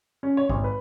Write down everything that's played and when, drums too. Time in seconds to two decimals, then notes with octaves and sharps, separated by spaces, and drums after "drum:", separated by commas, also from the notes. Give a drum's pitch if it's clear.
0.23 C#4
0.37 C#5
0.49 G#1, drum: kick
0.64 B4